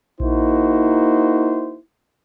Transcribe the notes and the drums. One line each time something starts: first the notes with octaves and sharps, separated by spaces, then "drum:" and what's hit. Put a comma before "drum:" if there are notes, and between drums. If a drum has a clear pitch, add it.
A#3 D#4 E4 F#4 C5, drum: kick A#1